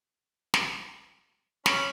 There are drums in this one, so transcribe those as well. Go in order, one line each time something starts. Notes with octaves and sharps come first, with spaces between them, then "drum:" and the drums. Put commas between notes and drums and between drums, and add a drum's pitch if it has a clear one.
drum: snare
C#4 B5 C#6, drum: snare